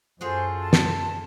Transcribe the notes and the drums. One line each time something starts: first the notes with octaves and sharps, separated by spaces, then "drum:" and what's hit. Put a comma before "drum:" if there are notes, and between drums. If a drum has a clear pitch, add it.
F#2 F4 F#4 G#4 A4 C5 C#5
A5
drum: snare